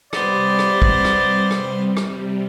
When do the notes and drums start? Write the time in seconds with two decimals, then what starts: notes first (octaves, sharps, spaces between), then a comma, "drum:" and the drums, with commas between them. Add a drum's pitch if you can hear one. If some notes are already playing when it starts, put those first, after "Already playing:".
0.13 C3 G3 B3 C5 D5, drum: rim click
0.59 drum: rim click
0.82 drum: kick
1.05 drum: rim click
1.51 drum: rim click
1.97 drum: rim click